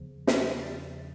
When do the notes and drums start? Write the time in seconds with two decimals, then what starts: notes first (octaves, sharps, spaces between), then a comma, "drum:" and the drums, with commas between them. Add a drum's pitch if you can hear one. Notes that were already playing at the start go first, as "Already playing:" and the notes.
Already playing: E2 C#3 F3
0.27 D#5, drum: snare
0.63 D5